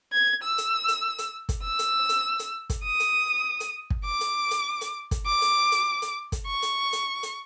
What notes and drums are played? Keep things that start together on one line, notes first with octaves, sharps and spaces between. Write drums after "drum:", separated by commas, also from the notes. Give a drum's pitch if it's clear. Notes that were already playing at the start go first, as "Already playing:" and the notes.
G#6
E6
drum: hi-hat
drum: hi-hat
drum: hi-hat
drum: kick, hi-hat
E6
drum: hi-hat
drum: hi-hat
drum: hi-hat
drum: kick, hi-hat
D#6
drum: hi-hat
drum: hi-hat
drum: kick
D6
drum: hi-hat
drum: hi-hat
drum: hi-hat
drum: kick, hi-hat
D6
drum: hi-hat
drum: hi-hat
drum: hi-hat
drum: kick, hi-hat
C#6
drum: hi-hat
drum: hi-hat
drum: hi-hat